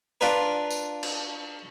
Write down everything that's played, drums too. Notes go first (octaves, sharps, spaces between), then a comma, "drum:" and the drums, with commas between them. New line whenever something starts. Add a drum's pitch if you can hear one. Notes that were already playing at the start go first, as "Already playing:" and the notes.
D4 F4 A#4 B4
drum: tambourine
drum: cymbal